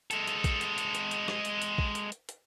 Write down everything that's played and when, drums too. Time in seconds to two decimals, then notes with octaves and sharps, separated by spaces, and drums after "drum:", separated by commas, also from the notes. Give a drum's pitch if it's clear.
0.11 G#3 A4, drum: hi-hat
0.27 drum: hi-hat
0.44 drum: kick A#1, hi-hat
0.61 drum: hi-hat
0.78 drum: hi-hat
0.95 drum: hi-hat
1.11 drum: hi-hat
1.28 drum: rim click
1.45 drum: hi-hat
1.62 drum: hi-hat
1.78 drum: kick A#1
1.95 drum: hi-hat
2.12 drum: hi-hat
2.29 drum: hi-hat